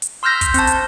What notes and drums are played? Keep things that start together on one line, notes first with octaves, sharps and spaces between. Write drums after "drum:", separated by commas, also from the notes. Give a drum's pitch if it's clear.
drum: hi-hat
C6 E6 F6 G6 A#6 B6
drum: kick, hi-hat
C4 A5, drum: hi-hat
drum: hi-hat